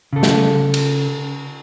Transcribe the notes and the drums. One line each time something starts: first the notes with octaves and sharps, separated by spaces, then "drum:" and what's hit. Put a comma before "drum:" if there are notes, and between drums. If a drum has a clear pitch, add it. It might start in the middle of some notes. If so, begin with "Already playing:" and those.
C#3 A4
drum: snare
drum: cymbal